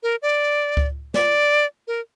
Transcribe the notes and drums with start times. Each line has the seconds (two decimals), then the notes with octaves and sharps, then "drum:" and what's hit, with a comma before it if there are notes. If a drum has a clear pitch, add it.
0.03 A#4
0.22 D5
0.77 drum: kick C#2
1.14 D5, drum: snare
1.87 A#4